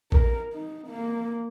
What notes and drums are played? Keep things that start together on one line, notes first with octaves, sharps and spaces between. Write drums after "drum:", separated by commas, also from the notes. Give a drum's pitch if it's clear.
A#4, drum: kick A1
D#4
A#3